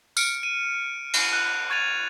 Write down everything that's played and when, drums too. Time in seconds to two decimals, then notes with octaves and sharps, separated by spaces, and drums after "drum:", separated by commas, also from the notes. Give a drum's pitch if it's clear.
0.17 F6 C#7 D7, drum: tambourine
0.43 D#7
1.13 drum: cymbal
1.33 F#6
1.70 C#6 G#6 A6 D#7 F7